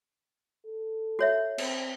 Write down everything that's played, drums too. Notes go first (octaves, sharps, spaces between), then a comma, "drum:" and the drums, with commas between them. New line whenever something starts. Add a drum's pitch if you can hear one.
A4
F#4 C#5 E5
C4, drum: cymbal